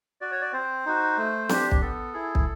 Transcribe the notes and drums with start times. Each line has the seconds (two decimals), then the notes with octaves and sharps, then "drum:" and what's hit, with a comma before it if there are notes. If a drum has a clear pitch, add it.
0.21 F#4 D5
0.32 C#5
0.41 D5
0.53 C4 C5
0.86 D#4 F#4
1.17 A3
1.49 D4 G4, drum: snare C4
1.71 drum: kick
1.81 B3 A4
2.14 E4 G#4
2.35 drum: kick